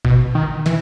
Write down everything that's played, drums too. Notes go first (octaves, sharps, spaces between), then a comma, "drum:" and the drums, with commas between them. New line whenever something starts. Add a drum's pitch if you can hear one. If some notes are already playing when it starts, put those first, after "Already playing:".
B2, drum: kick G#1
D#3
E3, drum: snare